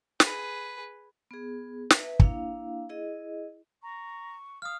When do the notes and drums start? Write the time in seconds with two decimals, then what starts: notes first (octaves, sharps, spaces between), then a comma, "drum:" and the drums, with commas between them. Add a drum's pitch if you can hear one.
0.20 G#4 B4, drum: snare
1.31 B3 G#4
1.90 B4 E5, drum: snare
2.19 A#3 D4 E4 F5, drum: kick
2.89 E4 G#4 D#5
3.83 A#5 C#6
4.62 F5 D#6 F6